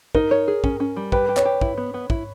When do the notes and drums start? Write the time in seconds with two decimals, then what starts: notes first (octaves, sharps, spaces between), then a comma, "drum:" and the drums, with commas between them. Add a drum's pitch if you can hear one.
0.15 D#4 A#4, drum: kick
0.31 C#5
0.48 G#4
0.64 C#4, drum: kick
0.80 C#4
0.96 G3
1.12 G4 B4, drum: kick
1.29 G4
1.37 C#5, drum: clap
1.45 G4
1.61 E4, drum: kick
1.77 B3
1.94 B3
2.10 E4, drum: kick